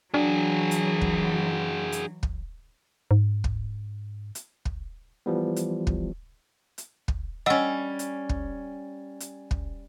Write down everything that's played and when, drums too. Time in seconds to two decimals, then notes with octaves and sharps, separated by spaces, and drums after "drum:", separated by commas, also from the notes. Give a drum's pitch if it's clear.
0.14 E3 F#3 D4 F#4 G#4
0.71 drum: hi-hat
1.01 drum: kick
1.92 drum: hi-hat
2.23 drum: kick
3.11 G#2
3.44 drum: kick
4.35 drum: hi-hat
4.65 drum: kick
5.26 E3 F3 G3 B3
5.56 drum: hi-hat
5.87 drum: kick
6.78 drum: hi-hat
7.08 drum: kick
7.46 G3 C#4 D#5 F#5 E6
7.99 drum: hi-hat
8.29 drum: kick
9.20 drum: hi-hat
9.51 drum: kick